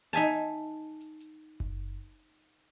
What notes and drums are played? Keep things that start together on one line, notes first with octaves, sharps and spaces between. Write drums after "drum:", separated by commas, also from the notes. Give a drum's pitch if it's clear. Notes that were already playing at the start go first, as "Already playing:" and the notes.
D#4 E5 G#5 A5
drum: hi-hat
drum: hi-hat
drum: kick F#1